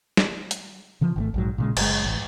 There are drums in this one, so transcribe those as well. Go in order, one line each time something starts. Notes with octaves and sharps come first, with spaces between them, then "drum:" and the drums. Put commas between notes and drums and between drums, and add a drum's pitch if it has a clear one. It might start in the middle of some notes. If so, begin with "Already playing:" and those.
drum: snare
drum: hi-hat
C#3 E3 F3
G#1 C3 A3
A#1 G#2 F#3
A#2 C#3 G#3
F#1 G#3, drum: cymbal
A1